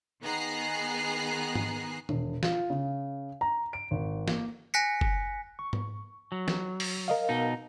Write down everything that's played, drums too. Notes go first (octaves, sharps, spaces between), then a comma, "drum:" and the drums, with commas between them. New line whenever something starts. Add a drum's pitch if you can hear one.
D#3 B3 G#4 A#5 F#6 C7
drum: tom G#2
E1, drum: tom D#3
F4, drum: snare
C#3
A#5
D7
G#1
A#3, drum: snare
G#5 F#6 A#6 B6 C#7
drum: kick F#1
C#6
drum: tom G#2
F#3
drum: snare
drum: open hi-hat
A#4 D#5 F5
B2 D#4